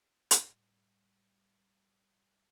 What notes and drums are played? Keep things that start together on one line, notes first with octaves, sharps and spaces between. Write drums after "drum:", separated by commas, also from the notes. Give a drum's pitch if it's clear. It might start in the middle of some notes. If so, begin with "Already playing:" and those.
A2 G3, drum: hi-hat